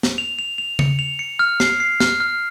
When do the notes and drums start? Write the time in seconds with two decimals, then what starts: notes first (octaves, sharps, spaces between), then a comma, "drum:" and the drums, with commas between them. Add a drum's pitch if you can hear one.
0.03 drum: snare
0.18 F7
0.39 F7
0.58 F7
0.79 C#7, drum: tom
0.99 F7
1.19 C#7
1.39 F6
1.60 C7, drum: snare
1.80 C7
2.00 F6, drum: snare
2.20 F6